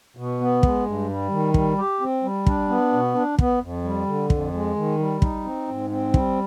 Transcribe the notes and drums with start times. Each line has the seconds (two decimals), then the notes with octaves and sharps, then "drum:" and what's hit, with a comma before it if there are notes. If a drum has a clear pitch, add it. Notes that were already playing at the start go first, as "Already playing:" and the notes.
0.17 B2
0.40 B3
0.63 G#3, drum: kick
0.86 G2
1.09 G3
1.31 D#3
1.54 G3, drum: kick
1.78 G4
2.01 C4
2.23 G3
2.46 D4, drum: kick
2.69 B3
2.93 B2
3.15 D4
3.39 B3, drum: kick
3.61 F2
3.84 G3
4.06 D3
4.30 F2, drum: kick
4.53 G#3
4.76 D#3
4.99 G3
5.22 D#4, drum: kick
5.44 C4
5.67 G#2
5.90 C4
6.14 G3, drum: kick